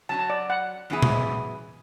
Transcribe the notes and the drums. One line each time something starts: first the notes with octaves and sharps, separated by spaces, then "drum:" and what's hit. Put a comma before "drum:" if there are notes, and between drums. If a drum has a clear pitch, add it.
F#3 C#4 F#4 A5
A5
D5
F#5
F#2 E3 B3 E4 G#4
drum: tom A#2